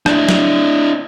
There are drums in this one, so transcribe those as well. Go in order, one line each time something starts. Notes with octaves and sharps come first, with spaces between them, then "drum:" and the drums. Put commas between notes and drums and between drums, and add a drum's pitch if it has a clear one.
D4 E4, drum: rim click
drum: snare